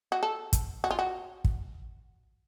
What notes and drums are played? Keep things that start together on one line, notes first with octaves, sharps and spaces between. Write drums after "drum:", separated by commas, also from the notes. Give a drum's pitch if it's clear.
F#4
A4
drum: kick, hi-hat
F#4
F4
F#4
drum: kick